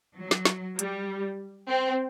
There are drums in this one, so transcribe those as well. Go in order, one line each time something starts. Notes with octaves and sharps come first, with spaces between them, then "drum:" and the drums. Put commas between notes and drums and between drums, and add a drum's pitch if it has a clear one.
F#3
drum: snare
drum: snare
G3, drum: hi-hat
C4